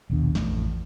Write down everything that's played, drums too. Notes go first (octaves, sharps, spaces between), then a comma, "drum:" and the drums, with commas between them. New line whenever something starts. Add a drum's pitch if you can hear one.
A#1 D#2 B2 D4
A1 F2 A2, drum: snare
drum: kick A1